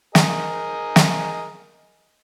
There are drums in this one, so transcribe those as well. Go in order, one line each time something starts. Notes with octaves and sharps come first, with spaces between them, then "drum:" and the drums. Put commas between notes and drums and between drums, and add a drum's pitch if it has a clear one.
G#4 A#4 D#5, drum: snare
drum: snare